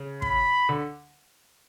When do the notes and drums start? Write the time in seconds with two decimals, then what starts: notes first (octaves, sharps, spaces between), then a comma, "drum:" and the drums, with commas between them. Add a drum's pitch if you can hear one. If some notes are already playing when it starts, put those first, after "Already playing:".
Already playing: C#3
0.22 B5, drum: kick
0.69 D3